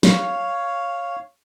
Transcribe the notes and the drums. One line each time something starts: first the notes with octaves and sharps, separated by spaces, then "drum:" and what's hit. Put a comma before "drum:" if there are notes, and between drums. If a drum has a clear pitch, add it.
C#5 F5, drum: snare